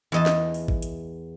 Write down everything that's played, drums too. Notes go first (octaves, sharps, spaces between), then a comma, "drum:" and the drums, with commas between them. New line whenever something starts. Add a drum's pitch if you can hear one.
E2 D#5 A5
drum: snare
drum: open hi-hat
drum: kick A1
drum: hi-hat